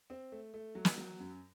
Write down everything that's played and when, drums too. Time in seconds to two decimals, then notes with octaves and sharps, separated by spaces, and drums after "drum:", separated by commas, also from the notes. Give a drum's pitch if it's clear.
0.10 C4
0.32 A3
0.54 A3
0.75 F#3
0.85 drum: snare
0.98 F#3
1.20 F#2